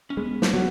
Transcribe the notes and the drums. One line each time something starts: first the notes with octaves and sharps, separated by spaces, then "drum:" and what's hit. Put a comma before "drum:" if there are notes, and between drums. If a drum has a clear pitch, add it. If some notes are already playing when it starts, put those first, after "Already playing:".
C#4
G#3 B3
drum: snare
F#3 B3